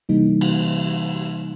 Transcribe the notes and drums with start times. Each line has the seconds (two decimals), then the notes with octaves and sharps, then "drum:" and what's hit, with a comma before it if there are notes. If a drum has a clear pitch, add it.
0.09 C3 E3 G3 A#3 D#4
0.41 drum: cymbal